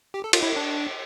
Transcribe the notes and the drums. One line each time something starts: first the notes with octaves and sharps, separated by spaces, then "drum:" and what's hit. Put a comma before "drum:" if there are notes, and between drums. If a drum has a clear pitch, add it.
G4
A4
F4, drum: cymbal
E4
D4